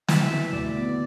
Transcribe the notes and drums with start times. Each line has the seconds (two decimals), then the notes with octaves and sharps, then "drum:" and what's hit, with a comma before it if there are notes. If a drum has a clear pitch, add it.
0.08 E3 E5, drum: snare
0.31 E3 E5
0.52 D2 D5
0.75 B3